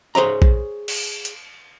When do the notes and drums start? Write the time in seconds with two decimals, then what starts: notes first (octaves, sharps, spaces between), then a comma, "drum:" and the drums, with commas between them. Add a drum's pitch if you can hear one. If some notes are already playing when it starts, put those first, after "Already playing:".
0.15 G#4 C5 C#5 A#5
0.42 drum: kick A#1
0.88 drum: cymbal
1.25 drum: hi-hat